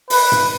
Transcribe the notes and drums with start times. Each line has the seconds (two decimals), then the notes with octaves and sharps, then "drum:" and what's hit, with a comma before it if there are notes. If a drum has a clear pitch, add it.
0.10 B4, drum: open hi-hat
0.32 drum: tom G#2